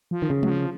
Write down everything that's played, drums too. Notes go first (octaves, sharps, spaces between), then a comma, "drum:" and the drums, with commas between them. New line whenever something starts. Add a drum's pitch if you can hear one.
F3
D#3
C#3
F#3, drum: tom G#3
F3